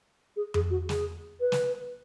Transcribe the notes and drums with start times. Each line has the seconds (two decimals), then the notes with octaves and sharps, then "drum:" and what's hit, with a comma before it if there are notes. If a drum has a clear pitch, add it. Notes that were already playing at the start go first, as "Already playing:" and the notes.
0.36 G#4
0.54 G#4, drum: tom F2
0.70 F#4
0.89 G#4, drum: snare
1.41 B4
1.52 drum: snare